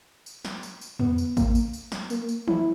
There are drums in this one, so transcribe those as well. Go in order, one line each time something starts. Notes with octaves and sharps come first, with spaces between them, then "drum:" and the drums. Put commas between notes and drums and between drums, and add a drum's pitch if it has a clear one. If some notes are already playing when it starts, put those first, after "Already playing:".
drum: tambourine
drum: snare
drum: tambourine
drum: tambourine
B3, drum: tom E2
drum: tambourine
A#3, drum: kick, tambourine
drum: tambourine
drum: tambourine
drum: snare
A#3, drum: tambourine
drum: tambourine
E4, drum: tom D#3